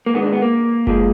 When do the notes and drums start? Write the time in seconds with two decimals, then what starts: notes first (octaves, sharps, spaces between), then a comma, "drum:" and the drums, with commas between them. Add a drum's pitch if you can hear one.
0.06 A#3
0.13 G#2 D#3 G#3 B3
0.23 D4
0.33 B3
0.42 A#3
0.87 A#2 F3 G#3, drum: kick F#1